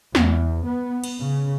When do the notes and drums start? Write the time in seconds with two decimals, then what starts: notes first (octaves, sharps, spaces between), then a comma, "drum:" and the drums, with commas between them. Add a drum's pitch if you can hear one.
0.15 E2, drum: snare
0.65 B3
1.04 drum: cymbal
1.20 C#3